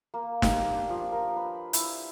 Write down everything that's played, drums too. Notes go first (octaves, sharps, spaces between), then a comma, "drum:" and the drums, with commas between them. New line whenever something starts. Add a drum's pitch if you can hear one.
A#3
G4, drum: snare
D4
F3
A#4
B4
E4, drum: hi-hat